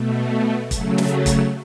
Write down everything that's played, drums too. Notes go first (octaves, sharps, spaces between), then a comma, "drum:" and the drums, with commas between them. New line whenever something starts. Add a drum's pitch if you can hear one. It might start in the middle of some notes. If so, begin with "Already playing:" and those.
Already playing: B2 A3
C#3 F#3 A3, drum: kick, hi-hat
drum: snare
drum: kick, hi-hat